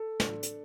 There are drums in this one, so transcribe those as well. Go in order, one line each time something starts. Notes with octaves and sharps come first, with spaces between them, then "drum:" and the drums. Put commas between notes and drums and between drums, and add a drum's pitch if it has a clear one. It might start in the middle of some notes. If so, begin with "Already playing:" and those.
Already playing: A4
D4, drum: snare
drum: hi-hat